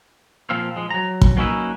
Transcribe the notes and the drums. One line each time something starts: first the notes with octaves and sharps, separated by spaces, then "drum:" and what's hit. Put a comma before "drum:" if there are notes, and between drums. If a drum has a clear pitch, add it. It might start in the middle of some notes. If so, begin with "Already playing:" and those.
A#2 F3 C4 F5
F3 G#3
F#3 A#5
drum: kick
F#3 A#3 C#4 D#4 E4 B4